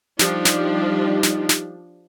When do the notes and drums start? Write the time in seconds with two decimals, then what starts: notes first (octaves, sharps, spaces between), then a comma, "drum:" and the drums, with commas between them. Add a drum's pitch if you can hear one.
0.19 F3 G3 D4 D#4 G4, drum: snare
0.45 drum: snare
1.23 drum: snare
1.49 drum: snare